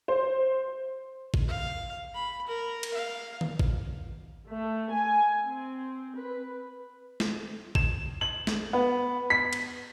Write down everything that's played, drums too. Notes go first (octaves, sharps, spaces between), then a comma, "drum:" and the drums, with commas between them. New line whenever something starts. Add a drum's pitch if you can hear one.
C5
drum: kick
F5
B5
A#4
drum: cymbal
F5
drum: tom D#3
drum: kick
A3
G#5
C4
B4
drum: snare
E7, drum: kick
F#7
drum: snare
B3
B6
drum: cymbal